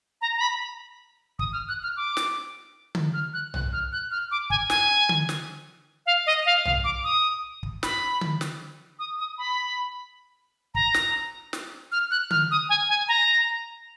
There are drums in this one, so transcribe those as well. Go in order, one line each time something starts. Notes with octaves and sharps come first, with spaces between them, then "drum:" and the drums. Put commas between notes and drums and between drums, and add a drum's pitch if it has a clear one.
A#5
A#5
B5
D#6, drum: kick
F6
F#6
F6
D6
drum: snare
drum: tom D3
F6
F#6
F#6, drum: tom B1
F6
F#6
F6
D6
G#5, drum: kick
G#5, drum: snare
drum: tom D3
drum: snare
F5
D#5
F5
F5, drum: tom B1
D6
D#6
drum: kick
B5, drum: snare
drum: tom D3
drum: snare
D#6
D#6
B5
A#5, drum: kick
drum: snare
drum: snare
F6
F#6
F6, drum: tom D3
D#6
G#5
G#5
A#5